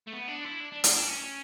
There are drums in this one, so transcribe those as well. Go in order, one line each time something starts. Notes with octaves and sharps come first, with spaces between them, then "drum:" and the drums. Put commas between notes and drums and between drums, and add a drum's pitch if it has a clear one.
A3
B3
D4
E4
D4
D4
D4, drum: hi-hat
D4
C#4